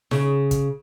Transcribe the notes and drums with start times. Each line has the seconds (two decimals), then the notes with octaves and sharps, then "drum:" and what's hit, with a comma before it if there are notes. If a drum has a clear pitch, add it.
0.11 C#3, drum: snare D#4
0.51 drum: kick, hi-hat